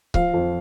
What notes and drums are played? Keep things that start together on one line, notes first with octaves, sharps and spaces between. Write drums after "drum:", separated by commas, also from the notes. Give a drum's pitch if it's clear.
F3 F5, drum: kick C#1
F2